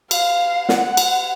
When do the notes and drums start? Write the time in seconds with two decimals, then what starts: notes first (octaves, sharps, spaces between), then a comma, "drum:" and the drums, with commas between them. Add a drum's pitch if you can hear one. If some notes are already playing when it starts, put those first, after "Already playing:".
0.11 F5, drum: cymbal
0.69 F#5, drum: snare
0.97 drum: cymbal